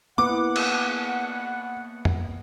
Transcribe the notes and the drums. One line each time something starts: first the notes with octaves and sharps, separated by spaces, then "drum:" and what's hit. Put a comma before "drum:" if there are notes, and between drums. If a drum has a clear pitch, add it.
A#3 B3 E4 F#5 D6
drum: cymbal
drum: tom